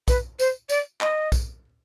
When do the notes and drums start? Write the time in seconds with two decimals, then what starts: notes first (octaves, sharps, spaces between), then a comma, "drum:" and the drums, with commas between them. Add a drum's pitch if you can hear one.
0.08 B4, drum: kick, tambourine
0.39 C5, drum: tambourine
0.69 D5, drum: tambourine
1.01 D#5, drum: clap
1.32 drum: kick, tambourine